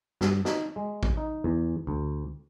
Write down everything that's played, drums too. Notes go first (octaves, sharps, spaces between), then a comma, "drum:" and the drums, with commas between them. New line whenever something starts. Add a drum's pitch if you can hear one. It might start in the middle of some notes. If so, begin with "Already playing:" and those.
G2, drum: snare
D#4, drum: snare
G#3
drum: kick
D#4
E2
D2